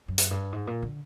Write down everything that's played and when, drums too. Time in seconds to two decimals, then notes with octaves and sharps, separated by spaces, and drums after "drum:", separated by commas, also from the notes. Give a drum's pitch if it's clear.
0.08 F#2
0.18 drum: hi-hat
0.31 G2
0.52 G#2
0.67 A#2
0.82 D3